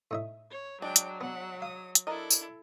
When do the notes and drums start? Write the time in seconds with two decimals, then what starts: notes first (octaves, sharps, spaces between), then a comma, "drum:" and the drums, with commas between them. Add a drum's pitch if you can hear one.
0.11 A2 D#4 E5
0.52 C#5
0.82 F#3 G#3 D4 G5
0.96 drum: hi-hat
1.21 B3 F#5
1.62 F5 D#6
1.95 drum: hi-hat
2.07 D4 E4 A4 A#4 D#5
2.30 drum: tambourine